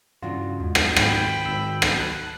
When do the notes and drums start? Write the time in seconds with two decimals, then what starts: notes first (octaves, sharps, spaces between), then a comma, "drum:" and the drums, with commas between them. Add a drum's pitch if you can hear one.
0.22 G2 C#3 E3 D4 F4 F#4
0.60 E2 G#2
0.75 drum: rim click
0.96 G#2 D#3 C4 G5 B5, drum: rim click
1.46 G#1 E6
1.82 drum: rim click
2.00 A5 B5 F#6